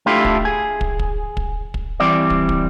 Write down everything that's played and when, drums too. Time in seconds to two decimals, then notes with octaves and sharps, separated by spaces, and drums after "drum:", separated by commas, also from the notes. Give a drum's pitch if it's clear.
0.06 A3 D4 E4 F4 G4 A4
0.25 drum: kick
0.45 G#4
0.81 drum: kick
0.99 drum: kick
1.37 drum: kick
1.74 drum: kick
2.00 E3 G3 C4 D5
2.30 drum: kick
2.49 drum: kick